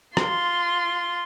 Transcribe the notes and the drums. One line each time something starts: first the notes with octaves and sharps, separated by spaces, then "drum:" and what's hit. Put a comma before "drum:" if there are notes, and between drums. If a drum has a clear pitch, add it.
F4 C6, drum: rim click